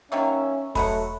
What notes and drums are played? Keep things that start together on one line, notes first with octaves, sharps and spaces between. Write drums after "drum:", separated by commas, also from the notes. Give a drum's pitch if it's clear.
D#3 F#3 A#3 C#4 E5
F#3 G#3 A3 B4 F#5 B5, drum: kick E1, open hi-hat